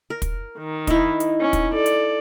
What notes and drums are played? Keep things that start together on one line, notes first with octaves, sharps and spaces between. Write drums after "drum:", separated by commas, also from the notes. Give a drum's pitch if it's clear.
A#4
drum: kick, hi-hat
D#3
D#4 E4, drum: kick, hi-hat
drum: hi-hat
C#4
drum: kick, hi-hat
A4 D5
drum: hi-hat